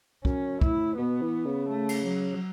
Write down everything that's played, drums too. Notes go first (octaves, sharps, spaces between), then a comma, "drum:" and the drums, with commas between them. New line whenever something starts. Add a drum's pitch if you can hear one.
F#2 C#4, drum: kick
A2 E4, drum: kick
B2 B3
E3
C#3
A3
drum: cymbal
F#3